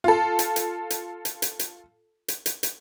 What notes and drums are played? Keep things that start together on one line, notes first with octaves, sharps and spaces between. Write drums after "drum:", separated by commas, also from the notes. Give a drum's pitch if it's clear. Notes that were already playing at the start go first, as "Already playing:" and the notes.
F4 A4
drum: hi-hat
drum: hi-hat
drum: hi-hat
drum: hi-hat
drum: hi-hat
drum: hi-hat
drum: hi-hat
drum: hi-hat
drum: hi-hat